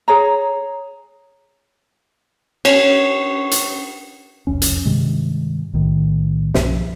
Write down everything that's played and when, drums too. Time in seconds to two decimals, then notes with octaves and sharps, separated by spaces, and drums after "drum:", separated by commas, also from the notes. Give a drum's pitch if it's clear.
0.08 G#4 C#5 A#5
2.65 C#4, drum: cymbal
3.51 drum: hi-hat
4.47 E1 C2 F2 C#4
4.62 drum: hi-hat
4.85 G2 C3 D#3 G#3
5.73 B1 A2 D#3
6.54 B1 G2 B2 F3, drum: snare